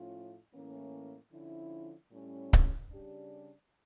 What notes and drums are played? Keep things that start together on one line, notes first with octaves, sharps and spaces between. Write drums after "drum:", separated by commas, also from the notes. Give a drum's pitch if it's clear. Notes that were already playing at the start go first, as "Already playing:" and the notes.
Already playing: A2 F3 C#4 F4
A2 E3 A#3 C#4
D3 F3 C#4 E4
A2 G3 C#4
drum: kick C#1
C#3 G3 D4 G4 D5